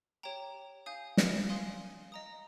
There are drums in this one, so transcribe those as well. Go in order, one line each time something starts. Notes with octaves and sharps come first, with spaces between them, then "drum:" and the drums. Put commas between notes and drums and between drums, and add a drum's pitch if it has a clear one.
G4 C#5 G5 A#5
F5 G#5 D#6 G6
drum: snare
F5 G#5 C6 D#6
D#5 A#5 D#6